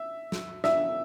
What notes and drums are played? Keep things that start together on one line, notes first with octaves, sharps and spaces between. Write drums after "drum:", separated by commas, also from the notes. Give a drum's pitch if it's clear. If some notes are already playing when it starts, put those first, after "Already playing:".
Already playing: E5
drum: snare
E5, drum: snare